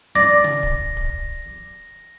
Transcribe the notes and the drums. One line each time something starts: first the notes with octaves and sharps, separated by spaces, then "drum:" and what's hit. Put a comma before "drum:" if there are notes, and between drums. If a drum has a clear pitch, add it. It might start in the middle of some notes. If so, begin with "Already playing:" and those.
D5 A#6, drum: snare
drum: tom C3
drum: kick
drum: kick